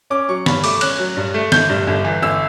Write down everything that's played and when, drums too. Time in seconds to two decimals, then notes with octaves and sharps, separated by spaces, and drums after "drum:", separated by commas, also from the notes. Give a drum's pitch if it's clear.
0.10 C#4 D6
0.29 F#3 C#6
0.46 G2 B5, drum: snare
0.64 A3 D6, drum: open hi-hat
0.81 C#4 F#6, drum: cymbal
0.99 F#3
1.16 G2
1.34 A3
1.52 G1 G6, drum: snare
1.69 G2
1.87 G1
2.04 E3
2.22 G1 E6